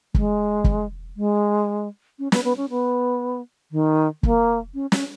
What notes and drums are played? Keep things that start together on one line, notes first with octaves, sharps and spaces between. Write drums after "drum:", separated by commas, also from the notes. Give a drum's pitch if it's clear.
G#3, drum: kick
drum: kick
G#3
C#4
B3, drum: snare
B3
C#4
B3
D#3
A#3, drum: kick
C#4
C#4, drum: snare